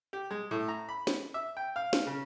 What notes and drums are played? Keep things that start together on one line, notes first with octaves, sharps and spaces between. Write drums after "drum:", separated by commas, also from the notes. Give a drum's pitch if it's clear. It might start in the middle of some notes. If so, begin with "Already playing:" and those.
G4
G#3
A2
A#5
B5
drum: snare
E5
G5
F5
drum: snare
C#3